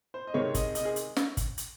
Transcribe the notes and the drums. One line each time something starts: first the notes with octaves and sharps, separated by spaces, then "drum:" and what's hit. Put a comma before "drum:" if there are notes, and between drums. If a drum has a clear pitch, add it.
C5
D#5
C3 D#3 G#3 C4 C#5
D#5, drum: kick, hi-hat
D#5, drum: hi-hat
G#4
drum: hi-hat
drum: snare
drum: kick, hi-hat
drum: hi-hat